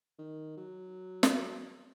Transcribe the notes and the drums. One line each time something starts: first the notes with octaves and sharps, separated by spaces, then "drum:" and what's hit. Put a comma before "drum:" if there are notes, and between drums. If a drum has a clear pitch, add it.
D#3
F#3
drum: snare